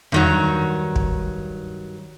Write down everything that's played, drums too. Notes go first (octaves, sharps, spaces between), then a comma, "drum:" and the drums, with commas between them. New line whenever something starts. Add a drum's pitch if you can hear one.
G2 D#3 F#3, drum: tom E2
drum: kick